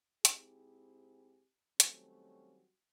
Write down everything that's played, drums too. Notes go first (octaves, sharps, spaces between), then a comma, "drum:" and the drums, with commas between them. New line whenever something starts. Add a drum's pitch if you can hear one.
G#2 C4 E4 G4 G#4, drum: hi-hat
D#3 F#3 G3 A3 C4 C#4, drum: hi-hat